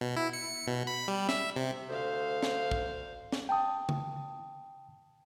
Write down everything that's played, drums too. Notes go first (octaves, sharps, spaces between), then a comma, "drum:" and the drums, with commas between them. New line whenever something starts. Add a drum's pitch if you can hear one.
B2
E4
C#7
B2
B5
G3
E5, drum: snare
C3
D2 C5 F5
drum: snare
drum: kick
drum: snare
G5 A5 D#6
drum: tom C#3